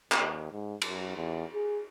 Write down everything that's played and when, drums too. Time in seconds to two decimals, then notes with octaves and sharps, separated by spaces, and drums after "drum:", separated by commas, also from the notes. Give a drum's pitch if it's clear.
0.12 D#2, drum: clap
0.52 G#2
0.82 F#2, drum: cymbal
1.16 E2
1.54 G#4